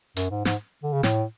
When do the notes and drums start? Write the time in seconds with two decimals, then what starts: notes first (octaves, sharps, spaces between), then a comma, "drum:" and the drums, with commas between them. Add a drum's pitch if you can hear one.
0.17 F#2, drum: hi-hat
0.31 G#2
0.45 G#2, drum: snare
0.83 D3
0.93 C#3
1.03 A2, drum: snare